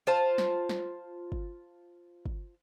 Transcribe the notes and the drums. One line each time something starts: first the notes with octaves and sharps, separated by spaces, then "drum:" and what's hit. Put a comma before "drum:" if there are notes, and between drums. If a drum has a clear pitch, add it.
F4 C5 A5
drum: snare
drum: snare
drum: kick
drum: kick